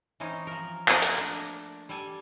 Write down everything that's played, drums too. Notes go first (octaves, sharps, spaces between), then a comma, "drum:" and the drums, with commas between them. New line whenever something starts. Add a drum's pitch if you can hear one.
E3 C4 C#4 D#4
F3 A#4
A3 A#3 A#4, drum: clap
drum: hi-hat
D4
G3 A4 D5 G#5